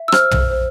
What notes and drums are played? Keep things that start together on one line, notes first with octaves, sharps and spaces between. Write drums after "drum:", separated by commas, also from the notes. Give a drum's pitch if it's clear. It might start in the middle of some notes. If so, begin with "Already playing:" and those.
Already playing: E5
E6
C5 F6, drum: rim click
drum: tom
C5